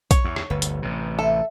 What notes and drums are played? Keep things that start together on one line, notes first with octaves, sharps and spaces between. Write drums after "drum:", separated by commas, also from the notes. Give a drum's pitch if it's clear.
C#5, drum: kick A#1, hi-hat
E2
drum: rim click
G1 D2 B4
drum: hi-hat
A1 C3
A4 E5